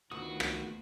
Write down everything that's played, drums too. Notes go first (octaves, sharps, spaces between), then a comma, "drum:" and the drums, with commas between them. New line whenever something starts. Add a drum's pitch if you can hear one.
D2 D#3 B3 D4 F4 F#4 D#6
drum: rim click